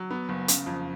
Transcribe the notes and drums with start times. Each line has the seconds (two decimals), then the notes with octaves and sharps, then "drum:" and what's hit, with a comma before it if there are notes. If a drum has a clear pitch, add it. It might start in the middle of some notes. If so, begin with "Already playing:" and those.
Already playing: F#3
0.11 B3
0.29 F#1
0.48 C#3, drum: hi-hat
0.66 F2